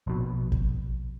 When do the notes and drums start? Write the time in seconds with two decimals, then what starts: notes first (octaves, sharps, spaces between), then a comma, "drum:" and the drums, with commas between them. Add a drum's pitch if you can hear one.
0.07 A#1 B2
0.52 drum: kick G#1